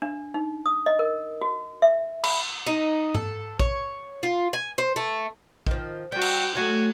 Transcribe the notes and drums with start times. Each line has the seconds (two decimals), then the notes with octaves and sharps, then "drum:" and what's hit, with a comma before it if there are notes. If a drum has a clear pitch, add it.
0.02 D4
0.34 D#4
0.66 D#6
0.86 D#5
0.99 A#4
1.41 F#4
1.82 E5
2.24 B5, drum: cymbal
2.67 D#4
3.15 A4, drum: tom
3.59 C#5, drum: kick A#1
4.23 F4
4.53 G#5
4.78 C5
4.96 A3
5.67 D#3 F3, drum: kick A#1
6.12 G3 F#4 G5
6.21 drum: cymbal
6.55 F#3 A3 F#4 G#5